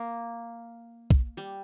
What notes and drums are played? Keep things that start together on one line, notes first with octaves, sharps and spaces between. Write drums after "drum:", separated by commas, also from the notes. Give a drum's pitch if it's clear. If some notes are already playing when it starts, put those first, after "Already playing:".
Already playing: A#3
drum: kick
G3